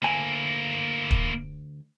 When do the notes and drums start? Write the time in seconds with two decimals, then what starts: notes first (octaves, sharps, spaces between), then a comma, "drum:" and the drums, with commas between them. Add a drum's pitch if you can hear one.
0.03 D2 A#3 E4 G#5
1.11 drum: kick